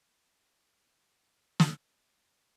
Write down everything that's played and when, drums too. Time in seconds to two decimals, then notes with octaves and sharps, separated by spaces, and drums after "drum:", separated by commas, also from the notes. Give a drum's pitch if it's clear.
0.13 F4 G#5
1.60 drum: snare